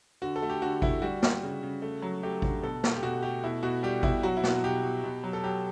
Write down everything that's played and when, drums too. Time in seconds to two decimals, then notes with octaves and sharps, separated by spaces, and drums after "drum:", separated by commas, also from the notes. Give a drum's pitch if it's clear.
0.22 D3 F#4
0.36 A4
0.42 A3
0.49 G4
0.62 D3 F#4
0.82 D3 E4, drum: kick G#1
1.02 G3 F#4
1.23 G3, drum: snare
1.43 C#3
1.63 C#3
1.82 A3
2.02 F#3
2.23 A3 G4
2.42 D3, drum: kick G#1
2.62 B2 A4
2.84 A3, drum: snare
2.96 G4
3.03 B2 F#4
3.23 A3 G4
3.43 B2 E4
3.63 B2 F#4
3.83 G3 G4
4.03 B2 E4, drum: kick G#1
4.23 F#3 F#4
4.37 E4
4.43 B2, drum: snare
4.50 F#4
4.64 B2 G4
4.83 B2
5.04 B2
5.24 F#3
5.33 A4
5.44 F#3 G4